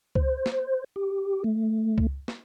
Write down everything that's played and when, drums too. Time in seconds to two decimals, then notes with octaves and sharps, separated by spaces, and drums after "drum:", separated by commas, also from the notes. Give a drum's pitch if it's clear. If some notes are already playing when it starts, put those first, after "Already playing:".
0.15 C5, drum: kick C#2
0.46 drum: snare
0.96 G4
1.44 A3
1.98 drum: kick C#2
2.28 drum: snare